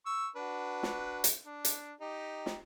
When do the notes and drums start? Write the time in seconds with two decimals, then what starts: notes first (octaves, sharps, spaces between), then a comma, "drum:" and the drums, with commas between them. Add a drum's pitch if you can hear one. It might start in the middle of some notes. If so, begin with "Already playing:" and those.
0.06 C#6 E6
0.36 D4 F#4 B4
0.83 drum: snare
1.24 drum: hi-hat
1.44 D4
1.65 drum: hi-hat
2.01 D#4 G4
2.46 drum: snare